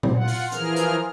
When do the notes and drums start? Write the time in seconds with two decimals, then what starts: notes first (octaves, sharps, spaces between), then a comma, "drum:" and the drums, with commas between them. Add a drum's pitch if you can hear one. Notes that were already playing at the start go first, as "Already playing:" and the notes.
0.03 drum: tom A#2
0.16 F4 F#5
0.28 drum: open hi-hat
0.52 E3 F3 G#4 A#4 F6, drum: hi-hat
0.76 drum: hi-hat